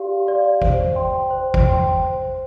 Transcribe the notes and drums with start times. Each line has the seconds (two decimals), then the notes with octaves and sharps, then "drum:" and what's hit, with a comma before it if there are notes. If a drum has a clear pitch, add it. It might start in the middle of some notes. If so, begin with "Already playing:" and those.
Already playing: G4 D5 F5 C6
0.27 D5 F5 C6
0.62 C5, drum: kick G#1
0.95 G5 C6
1.31 C5
1.54 drum: kick G#1
1.65 G5 C6
2.00 C5